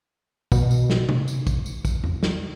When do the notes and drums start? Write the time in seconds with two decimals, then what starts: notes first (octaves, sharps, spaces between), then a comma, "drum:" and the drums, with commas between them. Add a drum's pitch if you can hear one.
0.52 B2, drum: kick, tambourine
0.71 drum: tambourine
0.90 drum: snare
1.09 drum: tom C3
1.28 drum: tambourine
1.47 drum: kick, tambourine
1.66 drum: tambourine
1.85 drum: kick, tambourine
2.04 drum: tom E2
2.23 drum: snare